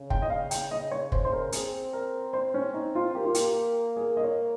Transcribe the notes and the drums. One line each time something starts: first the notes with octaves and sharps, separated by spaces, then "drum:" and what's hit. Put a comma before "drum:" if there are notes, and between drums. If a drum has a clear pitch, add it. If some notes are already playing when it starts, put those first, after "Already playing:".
Already playing: C#3
G5, drum: kick
D#5
F5
G5, drum: hi-hat
D#5
C#5
C5, drum: kick
C5
A#4
C4 G#4, drum: hi-hat
A#4
C5
C#4
D#4
F4
A#3 G4
F4
G4, drum: hi-hat
G#4
D#5
C#5